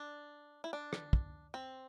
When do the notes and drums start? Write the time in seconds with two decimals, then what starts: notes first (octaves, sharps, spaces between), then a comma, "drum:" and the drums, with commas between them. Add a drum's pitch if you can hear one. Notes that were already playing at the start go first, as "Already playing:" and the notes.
Already playing: D4
0.64 E4
0.73 D4
0.93 drum: rim click
1.13 drum: kick
1.54 C4